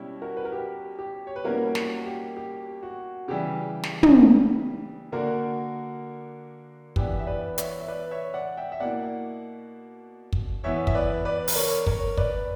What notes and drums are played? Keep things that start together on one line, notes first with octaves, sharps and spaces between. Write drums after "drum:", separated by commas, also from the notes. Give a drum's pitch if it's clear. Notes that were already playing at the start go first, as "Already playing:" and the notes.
Already playing: B2 G3 C#4 E4
F#4 A#4
B4
A#4
G4
G4
C#5
B4
B2 G3 A#3 C#4 E4 F#4 A#4
F#4 A#4, drum: snare
G4
G4
F#4
C#3 E3 G3 G4
drum: snare
drum: tom
D3 A#3 D4 F#4 A#4
E3 B3 D4 G4 B4, drum: kick
E5
B4 D5
C#5 E5, drum: hi-hat
E5
B4 D5
C#5 E5
D5 F#5
E5 G5
E5
B2 A#3 E4 D5 F#5
drum: kick
E3 B3 E4 C#5 E5
E5, drum: kick
B4 D5
B4 D5
B4, drum: open hi-hat
A#4 C#5
A#4 C#5, drum: kick
B4 D5, drum: kick